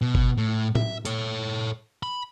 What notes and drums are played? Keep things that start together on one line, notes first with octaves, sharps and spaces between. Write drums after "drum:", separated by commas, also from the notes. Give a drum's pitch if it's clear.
B2
drum: kick
A2
E5, drum: tom A2
A4 C#5, drum: hi-hat
B5